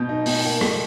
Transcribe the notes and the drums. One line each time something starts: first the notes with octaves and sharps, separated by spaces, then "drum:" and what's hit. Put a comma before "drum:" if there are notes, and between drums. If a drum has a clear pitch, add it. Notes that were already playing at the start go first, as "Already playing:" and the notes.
Already playing: B2 G6
D#4
B2, drum: open hi-hat
A#3
B2, drum: rim click